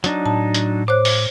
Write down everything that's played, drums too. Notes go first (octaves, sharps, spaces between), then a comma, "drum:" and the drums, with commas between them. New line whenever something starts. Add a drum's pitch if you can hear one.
F#3 D4 D#4, drum: hi-hat
A2 A5
drum: hi-hat
C5 C#5 D6 F#6
drum: open hi-hat